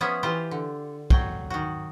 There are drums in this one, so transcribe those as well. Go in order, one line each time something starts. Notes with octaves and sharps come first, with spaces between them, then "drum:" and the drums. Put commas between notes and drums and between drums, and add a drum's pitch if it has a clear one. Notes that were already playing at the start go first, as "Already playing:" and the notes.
F3 B3 C#4 G#4 E5
E3 F4 G4 C5
D3
F#3 G5, drum: kick
D#3 F#4